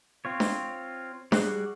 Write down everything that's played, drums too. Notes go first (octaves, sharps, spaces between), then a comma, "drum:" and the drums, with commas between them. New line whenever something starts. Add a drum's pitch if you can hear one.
C4 F4 C#5
drum: snare D4
G3 F#4 G#4 F#6, drum: snare D4